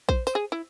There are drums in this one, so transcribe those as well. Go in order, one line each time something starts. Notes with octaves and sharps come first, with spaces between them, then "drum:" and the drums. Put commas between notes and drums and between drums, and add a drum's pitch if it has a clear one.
C5, drum: kick A#1
C5, drum: tambourine
G#4
E4